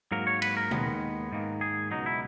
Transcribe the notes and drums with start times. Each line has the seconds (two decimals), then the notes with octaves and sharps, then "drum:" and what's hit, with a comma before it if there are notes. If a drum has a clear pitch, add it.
0.12 G#2 F#3 A#3 A#4
0.27 C#5
0.42 B4, drum: cymbal
0.57 A#4
0.71 D#2 D#3 G#3 B3, drum: tom A#2
1.32 G#2 D#3 A#3
1.61 G#4
1.91 C#2 B2 F#3 D#4
2.06 E4